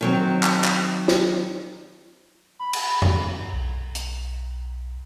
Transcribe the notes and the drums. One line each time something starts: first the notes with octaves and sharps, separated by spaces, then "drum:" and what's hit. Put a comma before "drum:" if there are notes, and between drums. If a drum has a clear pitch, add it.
D#3 F#3 C4
drum: clap
drum: clap
drum: snare
B5
drum: cymbal
drum: tom F2
B1
drum: hi-hat